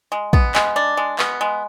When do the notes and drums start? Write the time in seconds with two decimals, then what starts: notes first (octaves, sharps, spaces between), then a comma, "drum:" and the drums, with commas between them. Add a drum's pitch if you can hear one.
0.12 G#3
0.33 B3, drum: kick
0.55 G#3, drum: clap
0.76 D4
0.97 G#3
1.19 B3, drum: clap
1.41 G#3